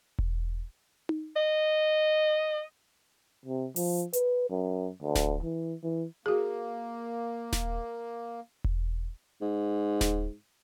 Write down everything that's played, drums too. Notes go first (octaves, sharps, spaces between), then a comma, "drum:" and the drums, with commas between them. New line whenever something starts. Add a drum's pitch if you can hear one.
drum: kick E1
drum: tom D#4
D#5
C3
F3, drum: open hi-hat
B4, drum: hi-hat
F#2
D2
drum: snare D#1
E3
E3
A#3 F#4 G#4
drum: snare D#1
drum: kick E1
G#2
drum: snare D#1